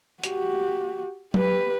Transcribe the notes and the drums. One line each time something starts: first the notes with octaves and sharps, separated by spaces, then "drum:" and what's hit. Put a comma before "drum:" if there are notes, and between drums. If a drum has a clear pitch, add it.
F#4 G4, drum: hi-hat
G4 B4, drum: tom F#3